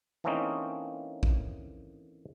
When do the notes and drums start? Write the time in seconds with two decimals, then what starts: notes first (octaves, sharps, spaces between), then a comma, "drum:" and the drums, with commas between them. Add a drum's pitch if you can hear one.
0.24 E3 A3 A#3 C4 C#4 D#4
1.23 drum: kick A#1